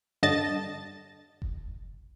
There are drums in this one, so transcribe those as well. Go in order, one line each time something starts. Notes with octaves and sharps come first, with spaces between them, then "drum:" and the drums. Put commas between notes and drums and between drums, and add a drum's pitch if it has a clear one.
G2 D3 D#5 A5 A6
drum: kick F1